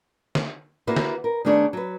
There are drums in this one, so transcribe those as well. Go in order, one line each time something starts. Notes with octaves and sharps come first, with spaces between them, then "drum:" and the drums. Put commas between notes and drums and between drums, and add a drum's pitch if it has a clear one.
drum: snare
A#3 E4 F#4 G#4 B4
drum: snare
A#4
D#3 A3 B3 D4 G#4 C#5
F#3 B4